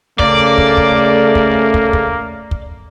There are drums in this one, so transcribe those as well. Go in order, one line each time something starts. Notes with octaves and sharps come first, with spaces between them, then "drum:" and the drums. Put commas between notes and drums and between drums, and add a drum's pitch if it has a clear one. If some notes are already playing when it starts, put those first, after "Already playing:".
C#3 A3 A#3 D5, drum: kick
drum: kick
drum: kick
drum: kick
drum: kick
drum: kick
drum: kick